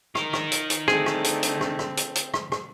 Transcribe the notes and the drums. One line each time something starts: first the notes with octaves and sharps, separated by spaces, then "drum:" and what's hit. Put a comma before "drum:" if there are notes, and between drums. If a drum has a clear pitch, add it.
D#4 A#4, drum: rim click
drum: rim click
drum: hi-hat
drum: hi-hat
D3 G3 A3 C4 G#4, drum: rim click
drum: rim click
drum: hi-hat
drum: hi-hat
drum: rim click
drum: rim click
drum: hi-hat
drum: hi-hat
drum: rim click
drum: rim click